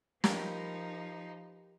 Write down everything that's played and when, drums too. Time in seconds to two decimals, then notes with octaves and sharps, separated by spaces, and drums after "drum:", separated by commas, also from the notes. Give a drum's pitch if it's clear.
0.24 F3 D#4 G4 A#4 B4, drum: snare